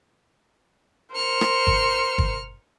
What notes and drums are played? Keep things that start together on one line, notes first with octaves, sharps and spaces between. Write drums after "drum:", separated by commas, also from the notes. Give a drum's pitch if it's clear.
A#4 C5 F6 C#7
drum: rim click
drum: kick
drum: kick